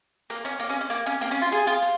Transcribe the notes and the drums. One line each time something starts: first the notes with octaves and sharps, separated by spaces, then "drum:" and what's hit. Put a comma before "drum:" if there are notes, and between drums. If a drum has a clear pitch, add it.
A#3, drum: hi-hat
C#4, drum: hi-hat
A#3, drum: hi-hat
C#4
C#4
A#3, drum: hi-hat
C#4, drum: hi-hat
A#3, drum: hi-hat
C#4
F4
G#4, drum: hi-hat
F4, drum: hi-hat
drum: hi-hat